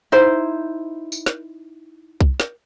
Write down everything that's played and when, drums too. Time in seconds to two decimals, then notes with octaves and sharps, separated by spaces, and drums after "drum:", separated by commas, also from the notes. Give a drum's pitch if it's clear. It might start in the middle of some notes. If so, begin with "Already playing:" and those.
0.12 D#4 E4 C5
1.12 drum: tambourine
1.26 drum: snare
2.21 drum: kick C2
2.40 drum: snare